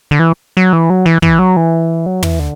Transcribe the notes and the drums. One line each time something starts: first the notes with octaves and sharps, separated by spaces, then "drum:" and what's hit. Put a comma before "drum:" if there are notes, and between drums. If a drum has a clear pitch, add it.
D3
E3
F#3
E3
F#3
E3
E3, drum: kick
F#3
E3
F#3
E3, drum: tom
D3